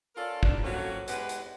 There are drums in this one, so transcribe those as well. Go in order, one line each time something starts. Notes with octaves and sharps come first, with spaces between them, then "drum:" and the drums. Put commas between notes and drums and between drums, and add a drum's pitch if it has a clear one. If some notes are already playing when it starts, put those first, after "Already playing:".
C#4 F4 A4 A#4 D5 F5
D#2 D4, drum: kick
F3 F#3 A3 A#3 C4 C#4
G#3 B3 G4 B4, drum: hi-hat
drum: hi-hat